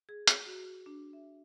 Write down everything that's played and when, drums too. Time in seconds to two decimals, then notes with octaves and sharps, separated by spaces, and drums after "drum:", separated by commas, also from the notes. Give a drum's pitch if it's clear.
0.09 G#4
0.28 drum: hi-hat
0.46 F#4
0.86 D4
1.13 E5